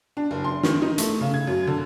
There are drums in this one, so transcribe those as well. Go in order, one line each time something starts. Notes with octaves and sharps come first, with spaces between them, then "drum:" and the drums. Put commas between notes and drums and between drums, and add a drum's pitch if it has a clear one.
D4
F#1
C6
D#3, drum: snare
D#4
A3, drum: hi-hat
C#3
G#6
F#2
D3